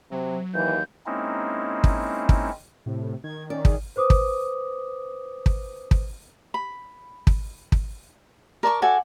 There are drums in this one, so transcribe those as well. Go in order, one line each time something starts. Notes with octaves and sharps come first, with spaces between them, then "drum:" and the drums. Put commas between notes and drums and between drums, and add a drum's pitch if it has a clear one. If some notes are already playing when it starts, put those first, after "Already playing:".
C3 F#3
D#2 E3 G6
G#3 A#3 C4 C#4 D#4 E4
drum: kick
drum: kick
A2 C3
D#3 G#6
C#4 D5
G#4, drum: kick
B4 C5 D6 D#6
drum: kick
drum: kick
drum: kick
B5
drum: kick
drum: kick
A#4 D5 A5 C#6
F#4 A4 D5 G#5